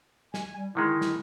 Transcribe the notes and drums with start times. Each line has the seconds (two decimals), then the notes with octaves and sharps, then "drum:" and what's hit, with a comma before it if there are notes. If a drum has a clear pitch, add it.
0.34 G#5, drum: snare
0.56 G3
0.75 D3 D#3 G#3 E4
1.01 drum: snare